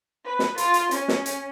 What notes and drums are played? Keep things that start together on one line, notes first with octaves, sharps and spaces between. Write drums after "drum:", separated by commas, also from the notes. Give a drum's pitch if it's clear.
B4
drum: snare
F4, drum: hi-hat
drum: hi-hat
C#4, drum: hi-hat
drum: snare
drum: hi-hat